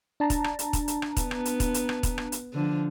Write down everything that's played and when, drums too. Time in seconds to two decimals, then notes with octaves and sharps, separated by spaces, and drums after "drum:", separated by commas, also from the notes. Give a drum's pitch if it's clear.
0.20 D4 A5 A#5
0.30 drum: kick, hi-hat
0.44 drum: rim click
0.59 drum: hi-hat
0.73 drum: kick, hi-hat
0.88 drum: hi-hat
1.02 drum: rim click
1.17 B3, drum: kick, hi-hat
1.31 drum: rim click
1.45 drum: hi-hat
1.60 drum: kick, hi-hat
1.74 drum: hi-hat
1.89 drum: rim click
2.03 drum: kick, hi-hat
2.18 drum: rim click
2.32 drum: hi-hat
2.54 D3 F3